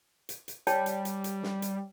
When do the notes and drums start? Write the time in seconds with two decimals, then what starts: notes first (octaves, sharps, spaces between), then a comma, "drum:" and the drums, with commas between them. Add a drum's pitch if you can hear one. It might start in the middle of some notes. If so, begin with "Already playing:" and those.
0.29 drum: hi-hat
0.48 drum: hi-hat
0.67 G3 C#5 G5 A5, drum: hi-hat
0.86 drum: hi-hat
1.05 drum: hi-hat
1.24 drum: hi-hat
1.43 drum: snare
1.62 drum: hi-hat